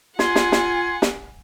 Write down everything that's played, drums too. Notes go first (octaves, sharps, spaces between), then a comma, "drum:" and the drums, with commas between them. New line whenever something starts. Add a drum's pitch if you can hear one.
F4 F#5 G#5 C6 G#6, drum: snare
drum: snare
drum: snare
drum: snare